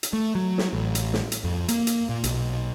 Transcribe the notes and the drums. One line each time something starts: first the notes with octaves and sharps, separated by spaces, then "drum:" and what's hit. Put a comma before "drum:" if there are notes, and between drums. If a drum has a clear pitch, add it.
drum: hi-hat
A3
F#3
drum: snare
A1
drum: hi-hat
drum: snare
drum: hi-hat
F2
A#3, drum: hi-hat
drum: hi-hat
A#2
B1, drum: hi-hat